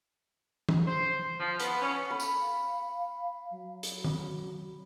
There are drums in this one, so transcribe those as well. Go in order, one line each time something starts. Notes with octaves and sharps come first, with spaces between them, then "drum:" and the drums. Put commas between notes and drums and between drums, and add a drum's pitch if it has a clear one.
drum: tom
C5
F3
B3, drum: hi-hat
C#4
A4 B5
drum: tambourine
F5
F#3
drum: hi-hat
drum: tom D#3